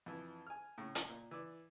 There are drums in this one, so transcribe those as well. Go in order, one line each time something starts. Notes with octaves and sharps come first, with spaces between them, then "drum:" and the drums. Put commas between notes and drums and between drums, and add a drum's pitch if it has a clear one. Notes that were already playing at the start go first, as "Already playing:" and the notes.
F2 E3
G#5 F6
A2 C#3
drum: hi-hat
A#2
E3 D5